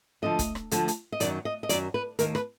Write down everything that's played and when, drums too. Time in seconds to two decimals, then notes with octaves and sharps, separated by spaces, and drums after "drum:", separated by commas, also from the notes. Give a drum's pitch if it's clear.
0.22 D2 D3 F3 D#5
0.39 drum: kick, hi-hat
0.55 drum: rim click
0.71 D2 D3 F3, drum: hi-hat
0.88 drum: hi-hat
1.12 D#5
1.20 F#2 D#3 F#3 D5, drum: hi-hat
1.45 D#5
1.63 D#5
1.69 F#2 D#3 F#3 D5, drum: hi-hat
1.94 B4
2.19 D#2 D#3 A#3 A#4, drum: hi-hat
2.35 B4, drum: rim click